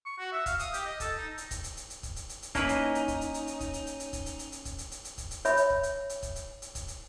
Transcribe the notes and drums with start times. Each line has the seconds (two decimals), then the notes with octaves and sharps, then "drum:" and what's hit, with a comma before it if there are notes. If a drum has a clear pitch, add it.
0.05 C#6
0.18 F#4
0.32 E5
0.46 F5, drum: kick, hi-hat
0.59 D#6, drum: hi-hat
0.74 G4, drum: hi-hat
0.85 D#5
1.00 A4, drum: kick, hi-hat
1.17 D#4
1.38 drum: hi-hat
1.51 drum: kick, hi-hat
1.64 drum: hi-hat
1.77 drum: hi-hat
1.90 drum: hi-hat
2.03 drum: kick, hi-hat
2.16 drum: hi-hat
2.29 drum: hi-hat
2.42 drum: hi-hat
2.55 A#3 C#4 D#4 E4 B4, drum: kick, hi-hat
2.69 drum: hi-hat
2.95 drum: hi-hat
3.08 drum: kick, hi-hat
3.21 drum: hi-hat
3.34 drum: hi-hat
3.47 drum: hi-hat
3.60 drum: kick, hi-hat
3.74 drum: hi-hat
3.87 drum: hi-hat
4.00 drum: hi-hat
4.13 drum: kick, hi-hat
4.26 drum: hi-hat
4.39 drum: hi-hat
4.52 drum: hi-hat
4.65 drum: kick, hi-hat
4.78 drum: hi-hat
4.92 drum: hi-hat
5.05 drum: hi-hat
5.18 drum: kick, hi-hat
5.31 drum: hi-hat
5.45 C#5 E5 B5, drum: hi-hat
5.57 drum: hi-hat
5.70 drum: kick
5.83 drum: hi-hat
6.09 drum: hi-hat
6.23 drum: kick, hi-hat
6.36 drum: hi-hat
6.62 drum: hi-hat
6.75 drum: kick, hi-hat
6.88 drum: hi-hat